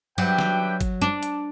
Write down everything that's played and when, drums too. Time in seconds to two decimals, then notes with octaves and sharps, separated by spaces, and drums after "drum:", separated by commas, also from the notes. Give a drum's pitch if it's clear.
0.17 F#3 D4 G4 B4 E5 G5
0.39 drum: snare
0.81 drum: kick G#1, hi-hat
1.02 D4
1.23 drum: hi-hat